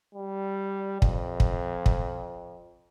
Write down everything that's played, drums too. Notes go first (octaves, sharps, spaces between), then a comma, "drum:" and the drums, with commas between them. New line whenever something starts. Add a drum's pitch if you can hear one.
G3
F2, drum: kick
drum: kick
drum: kick